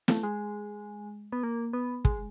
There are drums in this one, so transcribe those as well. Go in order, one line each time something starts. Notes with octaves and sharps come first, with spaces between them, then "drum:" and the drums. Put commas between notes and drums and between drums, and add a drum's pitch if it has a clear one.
A3, drum: snare
G#3
B3
A#3
B3
G#3, drum: kick